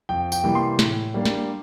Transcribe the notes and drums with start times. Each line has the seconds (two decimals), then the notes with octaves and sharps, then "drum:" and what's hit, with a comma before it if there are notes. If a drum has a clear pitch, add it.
0.09 F2 G5
0.32 G5, drum: tambourine
0.44 C3 E3 G3 A#3
0.55 C6
0.79 A2, drum: snare
1.14 G3 A#3 D4
1.25 drum: snare